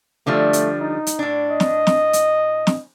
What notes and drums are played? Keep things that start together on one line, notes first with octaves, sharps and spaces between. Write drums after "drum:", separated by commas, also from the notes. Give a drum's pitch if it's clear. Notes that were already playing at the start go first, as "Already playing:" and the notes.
D3 F3 G3 A3
drum: hi-hat
D#4
drum: hi-hat
A2 D4
D#5
drum: snare
drum: snare
drum: hi-hat
drum: snare